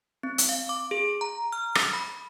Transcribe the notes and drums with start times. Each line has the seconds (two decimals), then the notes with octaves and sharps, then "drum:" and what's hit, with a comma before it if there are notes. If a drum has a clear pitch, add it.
0.23 C4
0.38 drum: hi-hat
0.49 F5
0.69 D6
0.91 G#4
1.21 A#5
1.52 F6
1.75 drum: rim click
1.93 B5